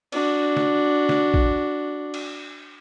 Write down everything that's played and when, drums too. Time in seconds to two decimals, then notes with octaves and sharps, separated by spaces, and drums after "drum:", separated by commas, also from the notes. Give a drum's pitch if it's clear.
0.12 D4 F#4, drum: cymbal
0.57 drum: snare
1.09 drum: snare
1.34 drum: kick
2.14 drum: cymbal